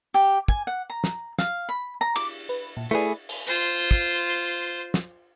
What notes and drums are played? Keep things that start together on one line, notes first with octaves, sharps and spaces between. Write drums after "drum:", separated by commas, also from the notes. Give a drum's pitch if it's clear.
G4
G#5, drum: kick
F#5
A#5
drum: snare
F5, drum: snare
B5
A#5
D6, drum: cymbal
B4
A#2
A3 E4 G#4 B4 D5
drum: open hi-hat
F4 C5
drum: kick
drum: snare